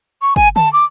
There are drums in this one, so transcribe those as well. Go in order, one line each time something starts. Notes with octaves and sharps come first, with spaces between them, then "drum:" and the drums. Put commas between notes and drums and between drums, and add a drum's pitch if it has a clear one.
C#6
G#5, drum: kick G1
A5, drum: tom D3
D6